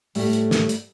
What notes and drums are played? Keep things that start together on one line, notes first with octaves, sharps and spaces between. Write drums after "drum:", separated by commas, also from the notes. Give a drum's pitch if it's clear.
A2 G3 A3, drum: open hi-hat
drum: hi-hat
drum: snare
drum: hi-hat